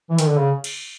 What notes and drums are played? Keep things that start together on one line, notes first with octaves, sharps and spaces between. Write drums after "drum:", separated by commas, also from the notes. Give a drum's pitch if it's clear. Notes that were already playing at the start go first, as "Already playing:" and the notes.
E3
D#3, drum: hi-hat
D3
C#3
drum: cymbal